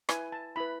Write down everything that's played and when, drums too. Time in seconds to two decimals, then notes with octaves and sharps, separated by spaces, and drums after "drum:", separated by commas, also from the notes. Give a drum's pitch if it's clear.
0.09 E4 B4 G#5, drum: rim click
0.32 A5
0.56 E4 B4 B5